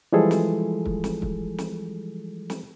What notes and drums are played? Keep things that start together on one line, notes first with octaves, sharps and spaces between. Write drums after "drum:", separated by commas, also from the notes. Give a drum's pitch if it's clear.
E3 F3 G3 G#3 G#4 A4
drum: snare
drum: kick
drum: snare
drum: kick
drum: snare
drum: snare